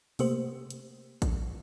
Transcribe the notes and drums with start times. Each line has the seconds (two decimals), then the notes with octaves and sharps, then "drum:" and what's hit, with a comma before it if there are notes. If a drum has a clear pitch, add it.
0.19 C3 A3 A#3 G4 C5, drum: open hi-hat
0.70 drum: hi-hat
1.22 drum: kick A1, hi-hat